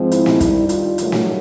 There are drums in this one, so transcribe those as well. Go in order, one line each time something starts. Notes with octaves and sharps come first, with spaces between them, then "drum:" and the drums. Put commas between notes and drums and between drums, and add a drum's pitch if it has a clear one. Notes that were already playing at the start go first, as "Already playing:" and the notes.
Already playing: G#2 F3 G#3 C4
E4, drum: hi-hat
drum: snare
G2 D#3 G3, drum: kick, hi-hat
F4, drum: hi-hat
G2 D#3 F#3 A3, drum: hi-hat
drum: snare